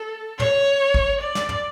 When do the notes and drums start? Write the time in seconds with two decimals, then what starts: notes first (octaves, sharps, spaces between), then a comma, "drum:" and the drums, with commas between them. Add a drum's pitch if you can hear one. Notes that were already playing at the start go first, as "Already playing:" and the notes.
Already playing: A4
0.40 C#5, drum: tom
0.94 drum: kick
1.21 D5
1.35 drum: snare
1.49 drum: tom